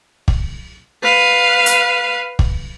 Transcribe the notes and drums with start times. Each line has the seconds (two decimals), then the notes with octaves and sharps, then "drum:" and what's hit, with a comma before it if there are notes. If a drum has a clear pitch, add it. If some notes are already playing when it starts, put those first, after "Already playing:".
0.28 drum: kick
1.03 B4 F5
1.66 drum: hi-hat
2.39 drum: kick